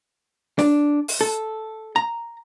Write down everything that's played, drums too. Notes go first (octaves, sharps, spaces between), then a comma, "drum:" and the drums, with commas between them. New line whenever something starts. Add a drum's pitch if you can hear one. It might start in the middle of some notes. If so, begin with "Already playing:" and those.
D4, drum: snare
drum: open hi-hat
A4
A#5